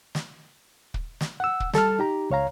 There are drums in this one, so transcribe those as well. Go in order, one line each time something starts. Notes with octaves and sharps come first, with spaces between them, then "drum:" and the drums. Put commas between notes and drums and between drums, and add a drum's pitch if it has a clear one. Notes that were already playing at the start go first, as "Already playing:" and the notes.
drum: snare
drum: kick
drum: snare
F#5 E6
drum: kick
G3 A4 A5 F6, drum: snare
D#4 G4 A#5
C#2 C#5 F5 A#5